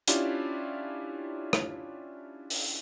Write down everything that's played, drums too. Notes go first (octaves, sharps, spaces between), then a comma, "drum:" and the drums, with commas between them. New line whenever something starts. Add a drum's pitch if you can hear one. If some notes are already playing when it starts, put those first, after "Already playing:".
C#4 D4 E4 F4 G4, drum: hi-hat
drum: rim click
drum: open hi-hat